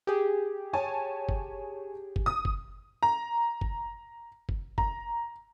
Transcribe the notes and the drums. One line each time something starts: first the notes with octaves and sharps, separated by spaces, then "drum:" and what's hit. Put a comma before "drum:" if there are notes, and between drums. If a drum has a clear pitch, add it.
G4 G#4
C#5 G#5 A5
drum: kick
drum: kick
D#6
drum: kick
A#5
drum: kick
drum: kick
A#5, drum: kick